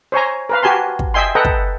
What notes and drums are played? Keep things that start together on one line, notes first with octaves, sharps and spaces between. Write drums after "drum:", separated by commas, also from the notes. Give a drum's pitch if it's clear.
C5 C#5 G#5 A#5
A#4 B4 F5
F#4 G4 G#5 A5 C6
drum: kick
D#5 E5 G5 G#5 C6
A4 B4 D#5 F#5 G5 A#5
drum: kick